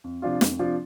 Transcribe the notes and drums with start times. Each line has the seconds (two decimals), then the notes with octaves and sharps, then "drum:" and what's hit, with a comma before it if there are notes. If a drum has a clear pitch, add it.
0.04 F2
0.22 C3 F3 D4 F4
0.41 F2, drum: snare
0.59 C3 F3 D4 F4